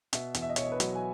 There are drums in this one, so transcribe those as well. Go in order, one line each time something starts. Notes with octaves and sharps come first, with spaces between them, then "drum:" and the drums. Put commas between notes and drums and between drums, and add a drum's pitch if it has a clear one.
B2 E5, drum: hi-hat
E2, drum: hi-hat
E5
D#5
E1 C#5, drum: hi-hat
D#5
B4
F#3, drum: hi-hat
G#5